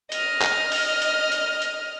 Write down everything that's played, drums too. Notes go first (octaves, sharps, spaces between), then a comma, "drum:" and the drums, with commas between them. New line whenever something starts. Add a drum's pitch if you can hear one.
D#5 F6, drum: hi-hat
drum: clap
drum: open hi-hat
drum: hi-hat
drum: hi-hat
drum: hi-hat